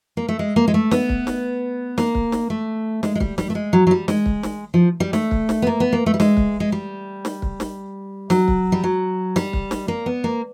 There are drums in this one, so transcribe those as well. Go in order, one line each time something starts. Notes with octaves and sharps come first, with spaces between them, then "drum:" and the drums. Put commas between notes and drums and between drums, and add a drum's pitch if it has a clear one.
A#3
A3
G#3
A#3
G#3
A3
B3, drum: snare
drum: kick
drum: snare
A#3, drum: snare
drum: kick
drum: snare
A3
G#3, drum: snare
G#3
G3, drum: kick
G3, drum: snare
A3
G#3
F#3
F#3
G3
G#3, drum: snare
drum: kick
drum: snare
F3
G3
A3, drum: snare
drum: kick
drum: snare
B3
A#3
B3
A#3
A3
G3
G#3, drum: snare
drum: kick
G#3
G3
drum: snare
drum: kick
drum: snare
F#3, drum: snare
drum: kick
G3
F#3
G3, drum: snare
drum: kick
drum: snare
A#3
B3
A#3